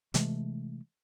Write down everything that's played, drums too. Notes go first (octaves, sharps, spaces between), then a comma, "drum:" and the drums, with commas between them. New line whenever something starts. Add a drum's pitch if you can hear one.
C3 E3 G#3 A3, drum: hi-hat